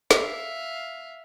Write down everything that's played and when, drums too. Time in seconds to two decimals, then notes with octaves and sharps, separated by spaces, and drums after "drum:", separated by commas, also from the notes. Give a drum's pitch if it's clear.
0.11 E5 F5, drum: snare